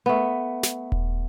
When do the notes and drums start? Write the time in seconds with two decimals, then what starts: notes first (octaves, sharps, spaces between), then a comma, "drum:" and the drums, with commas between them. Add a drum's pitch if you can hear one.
0.06 A3 B3
0.63 drum: snare
0.92 drum: kick D#1